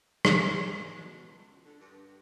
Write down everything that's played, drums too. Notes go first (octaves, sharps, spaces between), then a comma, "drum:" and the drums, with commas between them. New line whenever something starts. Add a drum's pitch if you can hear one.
G#3, drum: rim click
B2
C#2
D3
G2